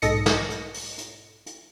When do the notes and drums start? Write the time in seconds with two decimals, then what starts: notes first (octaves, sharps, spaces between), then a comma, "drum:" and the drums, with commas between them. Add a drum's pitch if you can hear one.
0.02 B1 G#2 A4 D#5 A#6 C#7, drum: hi-hat
0.26 drum: snare
0.50 drum: hi-hat
0.74 drum: open hi-hat
0.98 drum: hi-hat
1.46 drum: hi-hat